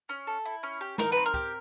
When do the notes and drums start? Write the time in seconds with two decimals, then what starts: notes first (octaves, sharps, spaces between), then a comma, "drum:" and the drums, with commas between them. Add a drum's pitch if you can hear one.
0.09 C#4
0.27 A4
0.45 E4
0.63 C#4
0.81 G4
0.98 D#4 A#4, drum: snare
1.12 C4 B4
1.26 A#4
1.34 G4, drum: kick